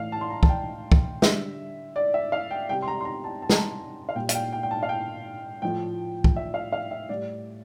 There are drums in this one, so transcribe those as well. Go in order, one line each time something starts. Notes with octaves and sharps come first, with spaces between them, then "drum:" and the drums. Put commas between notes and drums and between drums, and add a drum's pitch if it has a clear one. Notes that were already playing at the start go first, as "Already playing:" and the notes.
Already playing: A2 E3 A3 F5
A5
C6
A#5
A5, drum: kick
G5
drum: kick
D3 G3 E5, drum: snare
D5
E5
F5
G5
C3 G3 G5
C6
A#5
C6
A#5
A5
A5
A#5, drum: snare
A5
F5
A#2 G3 G5
F5, drum: hi-hat
G5
G5
G5
A5
F5
G5
A2 F3 A3 G5
drum: kick
E5
F5
F5
E5
A2 G3 D5